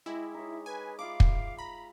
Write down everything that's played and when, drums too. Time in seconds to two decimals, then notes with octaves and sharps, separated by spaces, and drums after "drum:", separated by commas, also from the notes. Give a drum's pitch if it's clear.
0.06 G#3 E4 G4 D#5 G#5
0.34 D#4 C#5 E5
0.66 B4 G#5
0.99 F4 E5 F5 B5 D6
1.20 drum: kick
1.58 A#5 B5